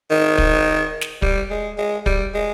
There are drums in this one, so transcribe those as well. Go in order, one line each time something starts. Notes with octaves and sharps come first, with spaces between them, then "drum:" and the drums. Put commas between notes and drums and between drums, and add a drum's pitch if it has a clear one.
D#3
drum: kick
drum: snare
G3, drum: kick
G#3
G#3
G3, drum: kick
G#3